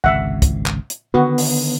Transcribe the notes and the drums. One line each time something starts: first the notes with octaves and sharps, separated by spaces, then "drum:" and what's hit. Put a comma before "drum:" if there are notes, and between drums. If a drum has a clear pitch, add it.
G#1 C#2 C3 E5 F#5
drum: kick, hi-hat
drum: clap
drum: hi-hat
D3 D#3 B3 F#4
drum: open hi-hat